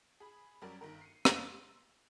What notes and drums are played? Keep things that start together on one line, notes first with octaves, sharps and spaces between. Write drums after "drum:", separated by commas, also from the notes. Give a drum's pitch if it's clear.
G#4 B5
F#2 F#3 G3 C#4 A#4 D5
G1 D#3 A#4
C7 C#7 D#7
C6 E6 A6, drum: rim click